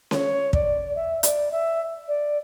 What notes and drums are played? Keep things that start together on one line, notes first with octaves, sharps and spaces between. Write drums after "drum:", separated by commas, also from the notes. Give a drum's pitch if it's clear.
C#5, drum: snare C#4
D5, drum: kick
E5
D5, drum: hi-hat
E5
D5